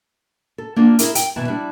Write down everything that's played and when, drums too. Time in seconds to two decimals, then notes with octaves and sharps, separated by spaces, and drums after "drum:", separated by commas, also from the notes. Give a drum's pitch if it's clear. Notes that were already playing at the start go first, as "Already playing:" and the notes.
0.58 A4
0.76 A#3 D4 F4
0.99 E4 G#4 A#4 E5, drum: hi-hat
1.15 G5, drum: hi-hat
1.36 B2 E3 E4 B4 A5
1.48 G3 D4 E4